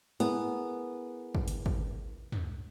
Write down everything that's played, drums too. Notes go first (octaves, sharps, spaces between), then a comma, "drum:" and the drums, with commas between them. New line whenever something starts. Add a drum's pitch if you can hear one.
B3 E4 G#4 A#4, drum: hi-hat
drum: kick
drum: hi-hat
drum: kick
drum: tom